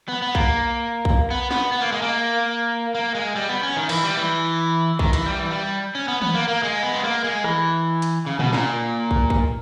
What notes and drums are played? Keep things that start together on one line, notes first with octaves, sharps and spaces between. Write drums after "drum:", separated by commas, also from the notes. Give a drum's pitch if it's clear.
B3
B3
A#3, drum: kick
drum: kick
B3
B3, drum: snare
B3
A#3
G#3
A#3
A#3
G#3
G3
B3
C#4
D#3
E3, drum: cymbal
G3
E3
D#3, drum: kick
E3, drum: hi-hat
G3
E3
G3
C#4
B3
B3, drum: tom D#3
A#3
A#3
G#3
B3
G#3
A#3
G#3
E3, drum: rim click
drum: hi-hat
C#3
B2, drum: tom A#2
A#2, drum: snare
drum: kick
drum: kick